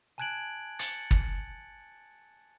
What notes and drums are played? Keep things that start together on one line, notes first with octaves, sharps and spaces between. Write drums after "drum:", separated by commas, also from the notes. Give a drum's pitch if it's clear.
G#5 A5 F#6 G#6 D7 F#7
A6 C#7 F#7, drum: hi-hat
drum: kick